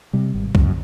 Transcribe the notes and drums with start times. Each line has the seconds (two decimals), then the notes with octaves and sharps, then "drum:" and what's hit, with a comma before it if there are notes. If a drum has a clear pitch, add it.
0.13 C3 G3
0.34 G#1
0.55 F#2 C#3, drum: kick